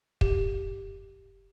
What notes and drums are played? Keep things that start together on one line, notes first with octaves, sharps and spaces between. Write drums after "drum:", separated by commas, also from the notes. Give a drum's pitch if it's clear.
G4, drum: kick